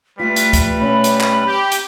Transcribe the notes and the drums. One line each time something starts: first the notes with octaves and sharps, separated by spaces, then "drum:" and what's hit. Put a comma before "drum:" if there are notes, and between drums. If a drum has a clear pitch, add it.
G3 A3 F4 B4 B6
drum: hi-hat
drum: kick, hi-hat
B2 C#4 E5 B5
drum: hi-hat
drum: clap
G4
drum: hi-hat